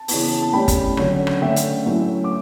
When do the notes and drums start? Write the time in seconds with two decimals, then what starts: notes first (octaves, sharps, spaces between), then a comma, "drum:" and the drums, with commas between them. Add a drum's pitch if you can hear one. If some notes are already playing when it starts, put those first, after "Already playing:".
Already playing: A5
0.08 C#3 E3 B3, drum: open hi-hat
0.42 A5
0.53 A2 G3 C#4 G5 B5
0.68 drum: kick G1, hi-hat
0.97 D3 F#3 C#4, drum: rim click
1.27 drum: rim click
1.41 D3 A3 C#4 E5 G5
1.56 drum: hi-hat
1.86 A2 F#3 C#4
2.24 D6